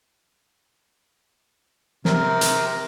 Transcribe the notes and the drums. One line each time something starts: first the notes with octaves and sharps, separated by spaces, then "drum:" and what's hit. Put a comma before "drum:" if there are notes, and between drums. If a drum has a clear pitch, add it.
C3 A#4, drum: snare
drum: hi-hat